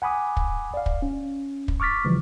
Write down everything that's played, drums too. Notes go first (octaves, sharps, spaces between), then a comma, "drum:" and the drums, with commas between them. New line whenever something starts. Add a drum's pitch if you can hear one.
F#5 G#5 B5 D6 D#6
drum: kick
D5 F5
drum: kick
C#4
drum: kick
C#6 D6 F6 A6 B6
C#3 E3 F3 G3